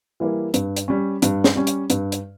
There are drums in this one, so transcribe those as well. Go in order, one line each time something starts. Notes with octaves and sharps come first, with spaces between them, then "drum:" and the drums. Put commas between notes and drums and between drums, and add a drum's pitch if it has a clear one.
E3 G3 A#3 E4
G2, drum: hi-hat
drum: hi-hat
G3 C#4
G2, drum: hi-hat
drum: snare
G3 C#4
drum: hi-hat
G2, drum: hi-hat
drum: hi-hat